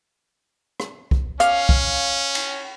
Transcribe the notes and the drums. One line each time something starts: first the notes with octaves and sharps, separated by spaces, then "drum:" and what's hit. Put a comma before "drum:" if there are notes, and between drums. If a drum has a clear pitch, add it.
drum: rim click
drum: kick
C#4 F5, drum: hi-hat
drum: kick
drum: cymbal